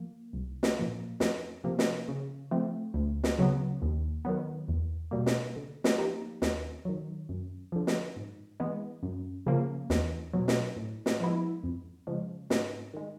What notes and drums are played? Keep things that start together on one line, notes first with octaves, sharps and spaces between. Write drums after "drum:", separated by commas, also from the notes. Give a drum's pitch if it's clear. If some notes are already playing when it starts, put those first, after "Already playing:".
Already playing: F3 A#3
C2
drum: snare
A#2 F3 A#3
F2, drum: snare
C3 F3 A#3
drum: snare
C#3
F3 A3 C4
D2
drum: snare
C#3 F#3 B3
D#2
D#3 F#3 B3
E2
B2 G3 A#3
drum: snare
D3
drum: snare
F3 A#3 D#4 G4
D#2, drum: snare
D#3 F#3
F#2
D3 F3
drum: snare
G#2
E3 G#3 B3
F#2
C#3 F3 A#3
E2, drum: snare
B2 F#3
drum: snare
A2
drum: snare
F3 G#3 B3 E4
F2
C#3 F3 G#3
G#2, drum: snare
D#3 G#3